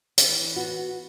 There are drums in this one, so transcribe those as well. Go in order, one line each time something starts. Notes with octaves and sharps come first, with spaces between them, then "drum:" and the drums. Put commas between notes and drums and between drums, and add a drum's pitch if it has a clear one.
E3, drum: hi-hat
B3 F#4